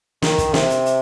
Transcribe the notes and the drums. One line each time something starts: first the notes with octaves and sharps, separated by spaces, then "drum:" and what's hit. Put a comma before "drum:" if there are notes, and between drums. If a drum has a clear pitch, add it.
D#3, drum: snare
drum: kick, hi-hat
C3, drum: snare
drum: hi-hat
drum: hi-hat